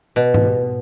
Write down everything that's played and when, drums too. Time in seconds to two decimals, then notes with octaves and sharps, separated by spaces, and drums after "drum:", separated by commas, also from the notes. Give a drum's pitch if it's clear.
0.16 B2
0.34 drum: tom G#2